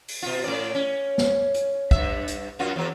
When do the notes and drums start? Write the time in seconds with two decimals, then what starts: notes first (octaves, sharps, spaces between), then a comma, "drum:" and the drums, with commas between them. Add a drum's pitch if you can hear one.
0.08 drum: open hi-hat
0.23 B2 F4
0.44 A2 C#4 D5
0.75 C#4
1.18 drum: snare
1.55 drum: hi-hat
1.91 G2 E5, drum: kick
2.28 drum: hi-hat
2.59 F#2 F4 F#4
2.76 E2 F#3